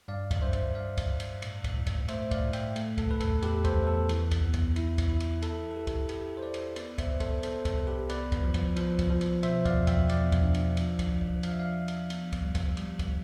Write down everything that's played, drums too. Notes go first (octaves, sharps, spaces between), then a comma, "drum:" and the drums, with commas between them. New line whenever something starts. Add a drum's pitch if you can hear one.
G2 D5 F5
drum: kick, cymbal
G2 C5 E5
drum: kick, cymbal
G2 D5 F5
drum: kick, cymbal
G2
drum: cymbal
A2, drum: cymbal
drum: kick, cymbal
A2
drum: kick, cymbal
A3 C5 E5, drum: cymbal
D5 F5, drum: kick, cymbal
A2
E5 G5, drum: cymbal
A3, drum: cymbal
A4, drum: kick, cymbal
E2 B4
A4, drum: kick, cymbal
E2 G4 B4, drum: cymbal
A4 C5, drum: kick, cymbal
E2
A4
E3, drum: cymbal
drum: kick, cymbal
B3
drum: kick, cymbal
E4, drum: cymbal
drum: kick, cymbal
E4
drum: cymbal
E4 A4, drum: cymbal
A4
E4 G4 B4
drum: kick, cymbal
E4 G4 B4, drum: cymbal
C5
E4 B4 D5
drum: cymbal
B3 B4 D5, drum: cymbal
C5 E5, drum: kick, cymbal
B3
A4 C5, drum: kick, cymbal
B3 A4 C5, drum: cymbal
A4, drum: kick, cymbal
C2
G4 B4
B3 B4 D5, drum: cymbal
drum: kick, cymbal
F3
drum: kick, cymbal
F3, drum: cymbal
drum: kick, cymbal
F3
drum: cymbal
B2 C5 E5, drum: cymbal
D5 F5, drum: kick, cymbal
E2
E5 G5, drum: kick, cymbal
E2 D5 F5, drum: cymbal
drum: kick, cymbal
D4
drum: cymbal
F3, drum: cymbal
drum: kick, cymbal
F3
drum: kick
F3 F5, drum: cymbal
E5
D5 F5
F3
drum: cymbal
B3, drum: cymbal
drum: kick, cymbal
G3
drum: kick, cymbal
G3, drum: cymbal
drum: kick, cymbal